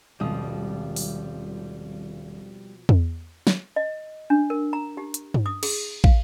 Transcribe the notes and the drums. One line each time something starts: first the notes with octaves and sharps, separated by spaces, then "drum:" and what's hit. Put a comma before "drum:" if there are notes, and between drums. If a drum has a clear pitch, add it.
D#1 G#1 B2 F3 G3 D#6
drum: open hi-hat
drum: tom E2
drum: snare
D#5
D4
A#4
A#5
G4
drum: hi-hat
drum: tom G2
D#6
G#4, drum: cymbal
F5, drum: kick